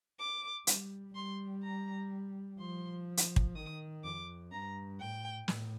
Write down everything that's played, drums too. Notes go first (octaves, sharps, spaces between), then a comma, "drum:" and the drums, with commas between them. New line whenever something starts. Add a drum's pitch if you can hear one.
D6
G3, drum: hi-hat
G3 C6
A#5
F3 C6
drum: hi-hat
drum: kick
D#3 D#6
F2 D6
G2 A#5
A2 G5
A2, drum: snare